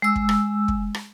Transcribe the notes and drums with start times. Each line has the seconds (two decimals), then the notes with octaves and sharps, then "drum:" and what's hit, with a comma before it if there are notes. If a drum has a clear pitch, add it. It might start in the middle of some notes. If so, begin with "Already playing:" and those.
0.02 G#3 E6
0.16 drum: kick
0.29 drum: rim click
0.68 drum: kick
0.94 drum: rim click